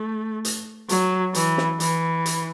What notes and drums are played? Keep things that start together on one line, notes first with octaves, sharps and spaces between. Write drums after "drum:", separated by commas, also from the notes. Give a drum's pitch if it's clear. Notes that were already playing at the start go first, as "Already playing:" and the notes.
Already playing: A3
drum: hi-hat
F#3, drum: hi-hat
E3, drum: hi-hat
drum: snare
E3, drum: hi-hat
drum: hi-hat